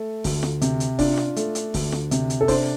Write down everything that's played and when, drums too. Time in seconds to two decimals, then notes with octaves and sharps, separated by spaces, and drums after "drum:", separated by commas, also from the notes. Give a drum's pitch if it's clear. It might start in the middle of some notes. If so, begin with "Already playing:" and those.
Already playing: A3
0.24 D2, drum: kick F1, open hi-hat
0.43 drum: snare
0.61 C3, drum: hi-hat
0.80 drum: hi-hat
0.99 D4 F4, drum: kick F1, open hi-hat
1.18 drum: snare
1.36 A3, drum: hi-hat
1.55 drum: hi-hat
1.74 D2, drum: kick F1, open hi-hat
1.92 drum: snare
2.11 C3, drum: hi-hat
2.30 drum: hi-hat
2.41 A4
2.48 D4 C5, drum: kick F1, open hi-hat